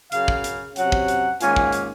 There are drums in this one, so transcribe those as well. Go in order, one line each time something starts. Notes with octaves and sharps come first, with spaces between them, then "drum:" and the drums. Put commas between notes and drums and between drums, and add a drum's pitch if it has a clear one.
F#2 C#3 F#3 F5, drum: hi-hat
drum: kick
drum: hi-hat
C3 F#3 C#4 F#5, drum: hi-hat
drum: kick
drum: hi-hat
G#2 D#3 A#3 C#4 F4 G#5, drum: hi-hat
drum: kick
drum: hi-hat